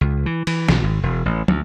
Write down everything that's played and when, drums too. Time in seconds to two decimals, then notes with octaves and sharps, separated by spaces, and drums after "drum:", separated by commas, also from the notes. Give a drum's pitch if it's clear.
0.01 C#2
0.26 E3
0.47 E3, drum: cymbal
0.69 B1, drum: snare
0.84 G#1
1.03 E1
1.26 A1
1.48 D2, drum: tom